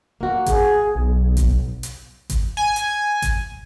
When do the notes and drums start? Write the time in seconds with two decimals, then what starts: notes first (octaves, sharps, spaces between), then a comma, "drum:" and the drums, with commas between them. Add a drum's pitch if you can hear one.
0.21 A#3 F#4
0.46 G#4, drum: kick G#1, hi-hat
0.95 B1
1.37 drum: kick G#1, hi-hat
1.83 drum: hi-hat
2.30 drum: kick G#1, hi-hat
2.57 G#5
2.76 drum: hi-hat
3.22 drum: kick G#1, hi-hat